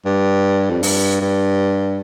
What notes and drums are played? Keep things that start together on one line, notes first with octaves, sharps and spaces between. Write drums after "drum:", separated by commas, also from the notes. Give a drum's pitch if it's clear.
G2
F2
G2, drum: open hi-hat
G2